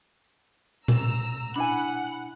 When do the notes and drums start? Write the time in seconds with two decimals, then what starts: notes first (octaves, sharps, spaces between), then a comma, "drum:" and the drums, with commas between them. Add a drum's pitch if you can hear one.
0.88 A#5 E6, drum: tom A#2
1.56 D4 E4 F#5 G#5 B5 F#6